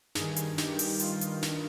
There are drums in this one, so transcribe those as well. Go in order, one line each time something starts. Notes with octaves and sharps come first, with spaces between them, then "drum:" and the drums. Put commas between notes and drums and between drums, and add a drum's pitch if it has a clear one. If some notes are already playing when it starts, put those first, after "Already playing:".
G2 D#3 G#4, drum: snare
drum: hi-hat
G4, drum: snare
drum: open hi-hat
F4, drum: hi-hat
drum: hi-hat
drum: snare